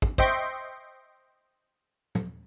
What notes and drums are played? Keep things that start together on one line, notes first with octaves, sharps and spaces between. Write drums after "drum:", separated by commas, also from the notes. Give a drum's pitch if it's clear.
drum: kick
C5 D#5 E5 G5 C6 C#6, drum: kick
drum: tom